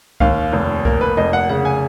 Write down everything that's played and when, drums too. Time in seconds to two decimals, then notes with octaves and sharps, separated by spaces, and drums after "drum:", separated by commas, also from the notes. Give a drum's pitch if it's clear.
0.20 D#2 F5, drum: kick C2
0.53 F1
0.85 A#3 A#4, drum: kick C2
1.01 B4
1.17 F1 D#5
1.33 F#5
1.49 C#3 F#5
1.65 G#5